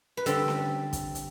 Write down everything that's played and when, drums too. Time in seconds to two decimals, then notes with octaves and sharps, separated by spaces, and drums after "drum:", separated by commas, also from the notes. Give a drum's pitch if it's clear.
0.17 B4
0.26 D3 G3 C4 A4, drum: hi-hat
0.48 drum: snare C#4
0.93 drum: kick, hi-hat
1.15 drum: hi-hat